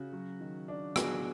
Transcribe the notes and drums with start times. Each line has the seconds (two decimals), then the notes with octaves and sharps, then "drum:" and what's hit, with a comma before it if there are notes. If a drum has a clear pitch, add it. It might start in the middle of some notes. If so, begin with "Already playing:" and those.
Already playing: C#3 F#4
0.13 F#3
0.40 D#3
0.68 D4
0.96 B3 F#4 G#4, drum: rim click